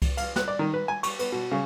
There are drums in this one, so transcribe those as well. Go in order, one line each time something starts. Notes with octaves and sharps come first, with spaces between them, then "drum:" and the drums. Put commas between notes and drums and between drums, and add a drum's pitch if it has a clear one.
drum: kick C2, cymbal
F5, drum: cymbal
F#6, drum: snare
D5
D#3
B4
G#5
C#6, drum: cymbal
B3, drum: cymbal
B2
C#3